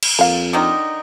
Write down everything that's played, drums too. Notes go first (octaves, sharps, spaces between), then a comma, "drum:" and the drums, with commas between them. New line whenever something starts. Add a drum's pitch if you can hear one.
drum: cymbal
F2 A#3 F5
D3 D#3 D#4